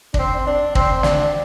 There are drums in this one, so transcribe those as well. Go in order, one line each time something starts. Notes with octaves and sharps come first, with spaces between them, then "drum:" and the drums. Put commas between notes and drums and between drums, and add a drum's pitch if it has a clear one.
D4, drum: kick
C4
D4
C4, drum: kick
D4, drum: snare